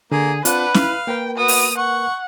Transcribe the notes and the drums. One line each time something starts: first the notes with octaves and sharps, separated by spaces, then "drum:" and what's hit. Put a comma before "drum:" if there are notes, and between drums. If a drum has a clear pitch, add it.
D3 A#3 G#4
C4 D4 F4 B4 F#5, drum: hi-hat
E4 F5, drum: snare
A#3 A#4 B4 G5
B3 F#4 D#6
drum: open hi-hat
F#5 C#6